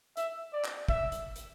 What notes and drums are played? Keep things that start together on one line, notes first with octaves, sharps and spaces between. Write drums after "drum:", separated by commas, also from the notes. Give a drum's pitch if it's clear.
E5, drum: hi-hat
D5
drum: clap
E5, drum: kick
drum: hi-hat
drum: hi-hat